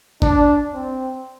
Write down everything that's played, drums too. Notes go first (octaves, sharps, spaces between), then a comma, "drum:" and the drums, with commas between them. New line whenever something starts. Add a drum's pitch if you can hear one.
D4, drum: kick G1
C4